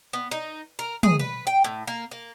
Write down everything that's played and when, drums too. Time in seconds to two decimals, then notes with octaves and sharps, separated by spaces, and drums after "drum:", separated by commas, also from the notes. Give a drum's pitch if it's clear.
0.13 B3
0.31 D#4
0.79 A#4
1.03 G#4, drum: tom
1.19 B4
1.47 G5
1.64 A2
1.87 A#3
2.11 A#3